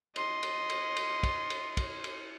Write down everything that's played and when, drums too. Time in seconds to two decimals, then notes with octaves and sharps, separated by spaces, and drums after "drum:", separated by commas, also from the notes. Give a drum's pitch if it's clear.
0.16 D#5 C6, drum: cymbal
0.43 drum: cymbal
0.70 drum: cymbal
0.96 drum: cymbal
1.23 drum: kick, cymbal
1.50 drum: cymbal
1.77 drum: kick, cymbal
2.04 drum: cymbal